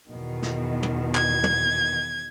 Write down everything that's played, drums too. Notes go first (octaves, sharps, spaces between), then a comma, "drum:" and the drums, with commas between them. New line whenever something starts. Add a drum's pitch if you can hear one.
E2 B2 D#3
drum: snare
drum: tom
G#6, drum: clap
drum: tom